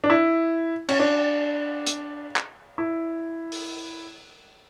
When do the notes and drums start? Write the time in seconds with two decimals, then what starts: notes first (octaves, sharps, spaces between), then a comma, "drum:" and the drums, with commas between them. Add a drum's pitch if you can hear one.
0.04 D4
0.10 E4
0.89 C#4, drum: cymbal
0.99 D4
1.86 drum: hi-hat
2.36 drum: clap
2.78 E4
3.52 drum: open hi-hat